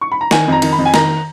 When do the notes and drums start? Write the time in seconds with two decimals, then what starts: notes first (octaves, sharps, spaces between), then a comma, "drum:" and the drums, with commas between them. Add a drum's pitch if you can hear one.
0.01 C#6
0.12 B5
0.21 A#5
0.31 D#3 G#5, drum: snare
0.48 F2 A#5
0.62 D#3, drum: cymbal
0.72 B5
0.78 F2
0.86 G#5
0.94 D#3 A#5, drum: snare